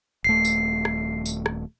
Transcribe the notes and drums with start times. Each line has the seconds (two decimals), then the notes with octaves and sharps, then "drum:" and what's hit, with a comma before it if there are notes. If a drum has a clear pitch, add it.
0.24 D#1 A3 C7
0.45 drum: tambourine
0.85 drum: rim click
1.26 drum: tambourine
1.46 drum: rim click